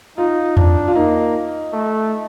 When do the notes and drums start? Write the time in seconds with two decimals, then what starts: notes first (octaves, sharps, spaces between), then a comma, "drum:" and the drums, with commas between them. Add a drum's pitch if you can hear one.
0.18 D#4 F4
0.57 D4, drum: tom E2
0.88 F4
0.95 A#3 D#4
1.73 A3